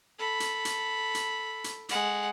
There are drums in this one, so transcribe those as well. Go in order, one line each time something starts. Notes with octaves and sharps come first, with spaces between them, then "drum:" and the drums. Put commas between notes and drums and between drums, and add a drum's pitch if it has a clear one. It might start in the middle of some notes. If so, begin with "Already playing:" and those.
A4 B5
drum: hi-hat
drum: hi-hat
drum: hi-hat
drum: hi-hat
G#3 F#5, drum: hi-hat